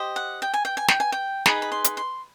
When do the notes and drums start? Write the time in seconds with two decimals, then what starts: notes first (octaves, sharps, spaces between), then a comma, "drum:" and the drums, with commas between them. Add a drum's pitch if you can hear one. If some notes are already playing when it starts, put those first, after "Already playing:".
Already playing: G4 C5 D#5
0.16 F#5
0.42 G5
0.54 G#5
0.65 G5
0.77 G#5
0.88 G5, drum: snare
1.00 G#5
1.12 G5
1.46 D#4 G#4 B4 D#5 B5, drum: snare
1.62 B5
1.72 C6
1.84 drum: hi-hat
1.97 C6